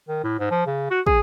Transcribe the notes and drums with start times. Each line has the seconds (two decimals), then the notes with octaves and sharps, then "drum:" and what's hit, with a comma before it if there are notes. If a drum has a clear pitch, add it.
0.09 D#3
0.24 A2
0.39 G#2
0.51 F3
0.66 C#3
0.90 F#4
1.07 G#4, drum: kick